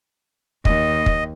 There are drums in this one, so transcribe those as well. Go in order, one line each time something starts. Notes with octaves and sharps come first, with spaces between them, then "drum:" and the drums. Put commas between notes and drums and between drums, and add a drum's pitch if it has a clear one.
D#2 D#5, drum: kick
drum: kick